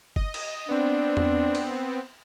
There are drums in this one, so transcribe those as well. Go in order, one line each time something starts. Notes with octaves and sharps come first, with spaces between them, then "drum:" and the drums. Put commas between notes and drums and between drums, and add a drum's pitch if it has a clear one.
D#5, drum: kick F#1
drum: cymbal
B3 C4 D4
drum: tom E2
drum: cymbal